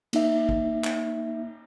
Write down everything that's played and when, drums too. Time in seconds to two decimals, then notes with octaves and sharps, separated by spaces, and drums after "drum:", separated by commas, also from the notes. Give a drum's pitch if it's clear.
0.13 A#3 D#4 E5, drum: cymbal
0.49 drum: kick
0.85 drum: clap